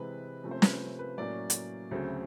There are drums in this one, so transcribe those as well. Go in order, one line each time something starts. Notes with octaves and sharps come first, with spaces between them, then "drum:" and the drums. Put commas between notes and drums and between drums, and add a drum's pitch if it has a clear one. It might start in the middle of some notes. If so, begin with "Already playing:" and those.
Already playing: C3 E3 G#3 C4 B4
C3 F3 A3 C#4
C5
B4, drum: snare
B4
A2 F#3 A#3 C#4 D5
drum: hi-hat
D2 C#3 F#3 A3 C4